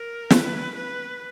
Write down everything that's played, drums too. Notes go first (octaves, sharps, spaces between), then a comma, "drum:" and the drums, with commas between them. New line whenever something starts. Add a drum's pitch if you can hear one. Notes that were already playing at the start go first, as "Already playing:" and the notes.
Already playing: A#4
B4, drum: snare
B4